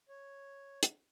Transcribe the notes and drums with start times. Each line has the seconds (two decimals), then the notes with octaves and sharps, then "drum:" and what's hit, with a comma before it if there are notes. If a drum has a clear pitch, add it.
0.09 C#5
0.83 drum: hi-hat